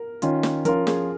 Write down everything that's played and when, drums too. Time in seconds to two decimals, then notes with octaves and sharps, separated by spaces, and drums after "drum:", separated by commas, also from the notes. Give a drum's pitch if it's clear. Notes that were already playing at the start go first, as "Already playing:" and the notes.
Already playing: A#4
0.22 D#3 C#4 F4, drum: hi-hat
0.43 drum: snare
0.65 F3 C#4 F4 A#4, drum: hi-hat
0.87 G#4, drum: snare